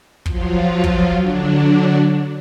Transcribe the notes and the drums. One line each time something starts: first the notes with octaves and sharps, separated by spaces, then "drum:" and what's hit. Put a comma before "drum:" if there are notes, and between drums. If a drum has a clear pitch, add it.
F3 F#3 F4, drum: kick
drum: kick
D3 F#3 D4